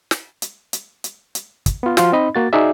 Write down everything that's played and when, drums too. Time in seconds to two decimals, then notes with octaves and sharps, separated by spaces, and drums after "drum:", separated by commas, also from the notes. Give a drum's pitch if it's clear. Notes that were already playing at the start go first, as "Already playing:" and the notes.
0.11 drum: snare
0.42 drum: hi-hat
0.73 drum: hi-hat
1.04 drum: hi-hat
1.35 drum: hi-hat
1.66 drum: kick, hi-hat
1.83 B3 F4
1.97 F3 F4 F#4, drum: snare
2.12 C4 D#4 D#5 B5
2.35 A#3 F#4 A6
2.53 D#4 F#4 G#4 D5 E5